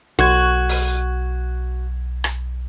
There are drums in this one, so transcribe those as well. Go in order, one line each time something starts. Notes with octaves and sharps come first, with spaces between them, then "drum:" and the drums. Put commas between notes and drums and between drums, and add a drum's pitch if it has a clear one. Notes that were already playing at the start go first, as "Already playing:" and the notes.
B1 F#4 G#6
drum: open hi-hat
drum: rim click